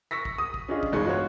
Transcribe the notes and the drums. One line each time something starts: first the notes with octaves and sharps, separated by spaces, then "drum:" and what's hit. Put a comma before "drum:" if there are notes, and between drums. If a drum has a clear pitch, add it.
C#6 E6 A#6 B6
drum: kick
D#6
drum: kick
C#4 D4 F4 G#4 D#5
drum: kick
G1 E2 G#3 D#4 C#6
F4 F#4 C#5